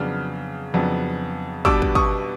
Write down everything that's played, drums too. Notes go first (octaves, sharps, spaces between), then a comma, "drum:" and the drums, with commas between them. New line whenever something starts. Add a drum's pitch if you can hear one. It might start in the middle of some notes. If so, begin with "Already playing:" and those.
Already playing: F2 C#3 F#3 B3 D4 F6
F2 C#3 F#3 B3 D4
B2 G3 B3 D4 D6 E6, drum: kick
drum: kick
C#6 D#6, drum: kick